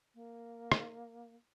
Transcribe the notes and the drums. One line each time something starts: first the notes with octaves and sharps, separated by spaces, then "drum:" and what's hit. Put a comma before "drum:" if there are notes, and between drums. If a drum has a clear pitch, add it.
A#3
drum: rim click